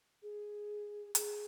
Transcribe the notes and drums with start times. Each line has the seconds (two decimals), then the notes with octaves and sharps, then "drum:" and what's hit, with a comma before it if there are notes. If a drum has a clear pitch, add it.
0.23 G#4
1.15 G#4, drum: hi-hat